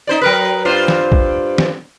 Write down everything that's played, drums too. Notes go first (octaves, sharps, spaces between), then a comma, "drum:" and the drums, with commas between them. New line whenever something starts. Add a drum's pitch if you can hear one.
D#4 C5 D5
F#3 A#4 B4
G2 F4 C5
drum: snare
drum: kick A#1
drum: snare